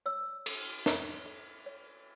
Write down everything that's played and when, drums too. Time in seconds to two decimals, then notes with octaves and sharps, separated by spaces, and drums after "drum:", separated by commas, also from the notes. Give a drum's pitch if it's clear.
0.06 C#5 E6
0.46 A4, drum: cymbal
0.86 C#5, drum: snare
1.26 A4
1.66 C#5